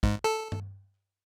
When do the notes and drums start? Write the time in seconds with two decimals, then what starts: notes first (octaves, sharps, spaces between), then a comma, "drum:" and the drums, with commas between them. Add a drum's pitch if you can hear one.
0.03 G#2, drum: kick
0.24 A4
0.52 drum: tom G2